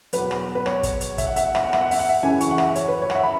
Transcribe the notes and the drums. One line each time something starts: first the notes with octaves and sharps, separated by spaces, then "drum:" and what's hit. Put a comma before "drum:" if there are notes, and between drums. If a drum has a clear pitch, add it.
E2 B2 F#3 B4, drum: hi-hat
drum: rim click
B4
C#5, drum: rim click
drum: kick, hi-hat
drum: hi-hat
E5, drum: kick, hi-hat
F#5
E5, drum: hi-hat
F#5
E5, drum: rim click
F#5
E5, drum: rim click
F#5
E5, drum: open hi-hat
F#5
E5
F#2 C#3 E3 G#5
C#6, drum: hi-hat
F#5
E5, drum: rim click
C#5, drum: hi-hat
B4
C#5
F#5, drum: rim click
E5
B5